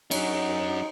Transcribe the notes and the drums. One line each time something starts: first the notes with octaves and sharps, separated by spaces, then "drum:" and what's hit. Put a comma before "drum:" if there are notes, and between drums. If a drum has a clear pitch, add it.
F#3 C#4 D#4, drum: cymbal